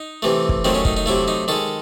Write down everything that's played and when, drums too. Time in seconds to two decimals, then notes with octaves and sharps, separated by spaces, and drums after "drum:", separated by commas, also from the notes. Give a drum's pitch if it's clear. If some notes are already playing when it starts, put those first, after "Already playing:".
Already playing: D#4
0.22 C3 E3 A3
0.49 drum: kick
0.64 D#3 F#3 A3 C4
0.75 C#4
0.85 D#4, drum: kick
0.97 D#4
1.06 C3 F#3 A3 E4
1.28 D#4
1.48 D#3 G#3 A4